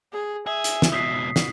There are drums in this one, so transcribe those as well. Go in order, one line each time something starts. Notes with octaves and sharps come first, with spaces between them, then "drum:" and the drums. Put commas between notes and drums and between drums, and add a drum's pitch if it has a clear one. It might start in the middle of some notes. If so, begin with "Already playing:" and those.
G#4
G#4 E5
drum: hi-hat
drum: snare
C#2 B2 D#6 B6 C7
drum: snare